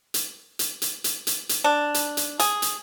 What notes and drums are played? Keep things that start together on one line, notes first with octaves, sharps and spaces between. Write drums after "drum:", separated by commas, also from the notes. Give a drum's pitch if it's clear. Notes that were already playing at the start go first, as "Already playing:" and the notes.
drum: hi-hat
drum: hi-hat
drum: hi-hat
drum: hi-hat
drum: hi-hat
drum: hi-hat
D4
drum: hi-hat
drum: hi-hat
G#4, drum: hi-hat
drum: hi-hat